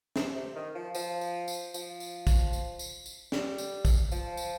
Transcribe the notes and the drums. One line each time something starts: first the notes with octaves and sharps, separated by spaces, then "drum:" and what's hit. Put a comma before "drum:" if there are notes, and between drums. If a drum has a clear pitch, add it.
C3, drum: snare
C3
D#3
F3
F3, drum: tambourine
drum: tambourine
drum: tambourine
F3, drum: tambourine
drum: tambourine
drum: kick, tambourine
drum: tambourine
drum: tambourine
drum: tambourine
G3, drum: snare
drum: tambourine
drum: kick, tambourine
F3, drum: tambourine
drum: tambourine